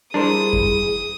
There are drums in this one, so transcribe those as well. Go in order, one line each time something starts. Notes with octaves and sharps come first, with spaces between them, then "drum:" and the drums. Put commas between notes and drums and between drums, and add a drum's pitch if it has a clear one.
G3 D4 E4 G#4 A#4 C5 D#6
drum: kick F#2